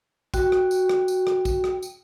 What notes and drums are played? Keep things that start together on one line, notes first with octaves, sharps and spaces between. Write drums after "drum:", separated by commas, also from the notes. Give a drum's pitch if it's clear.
F#4 G5, drum: kick, tambourine
drum: rim click
drum: tambourine
drum: rim click
drum: tambourine
drum: rim click
drum: kick, tambourine
drum: rim click
drum: tambourine